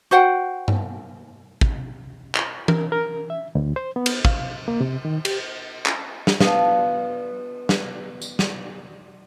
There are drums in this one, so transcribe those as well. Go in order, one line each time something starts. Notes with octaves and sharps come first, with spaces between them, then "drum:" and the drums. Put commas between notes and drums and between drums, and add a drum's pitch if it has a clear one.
F#4 C5 F#5 G5
drum: tom G2
drum: kick
drum: clap
A#4, drum: tom E3
A#4
E5
D2
C5
B3
drum: cymbal
F5, drum: kick
A#3
C3
D#3
G4, drum: cymbal
drum: clap
drum: snare
B3 D4 F4, drum: snare
drum: snare
drum: tambourine
drum: snare